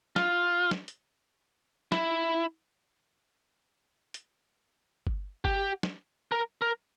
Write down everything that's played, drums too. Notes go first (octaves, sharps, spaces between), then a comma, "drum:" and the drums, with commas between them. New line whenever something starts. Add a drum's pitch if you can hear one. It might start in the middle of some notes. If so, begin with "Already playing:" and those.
F4, drum: snare
drum: snare
drum: hi-hat
E4, drum: snare
drum: hi-hat
drum: kick G1
G4, drum: kick G1
drum: snare
A#4
A#4